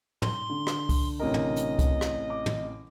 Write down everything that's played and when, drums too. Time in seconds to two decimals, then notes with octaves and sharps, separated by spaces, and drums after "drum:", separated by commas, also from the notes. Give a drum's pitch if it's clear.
0.22 C6, drum: tom
0.50 D3
0.67 drum: rim click
0.89 drum: kick C2, open hi-hat
1.20 A1 C3 A#4 D#5
1.34 drum: tom
1.56 drum: hi-hat
1.79 drum: kick C2, hi-hat
2.01 drum: rim click
2.30 D6
2.46 drum: tom